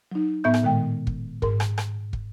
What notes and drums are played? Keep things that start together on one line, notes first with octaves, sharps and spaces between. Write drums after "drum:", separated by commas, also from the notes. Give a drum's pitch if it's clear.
F#3 D#4
A2 B3 E5 C#6 G6
drum: rim click
A#2 D#3 G#3 G5
drum: kick
G#2 A#4, drum: kick
drum: rim click
drum: rim click
drum: kick